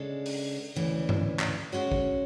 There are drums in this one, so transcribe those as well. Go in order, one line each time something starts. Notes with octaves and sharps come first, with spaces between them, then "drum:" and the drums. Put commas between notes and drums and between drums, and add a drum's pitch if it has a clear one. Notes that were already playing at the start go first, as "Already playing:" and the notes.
Already playing: C#3 G#3 D4 A4
drum: open hi-hat
D2 C#3 E3
drum: tom G2
drum: clap
G#3 C#4 F#4 C#5
drum: kick